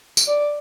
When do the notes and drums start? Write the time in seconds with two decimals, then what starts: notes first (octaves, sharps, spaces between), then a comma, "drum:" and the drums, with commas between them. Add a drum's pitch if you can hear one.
0.17 drum: tambourine
0.28 D5